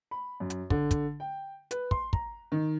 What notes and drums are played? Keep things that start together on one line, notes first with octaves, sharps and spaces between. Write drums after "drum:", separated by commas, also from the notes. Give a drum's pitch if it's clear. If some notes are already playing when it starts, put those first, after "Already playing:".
B5
F#2
drum: hi-hat
D3, drum: kick
drum: kick, hi-hat
G5
B4, drum: hi-hat
C6, drum: kick
A#5, drum: kick
D#3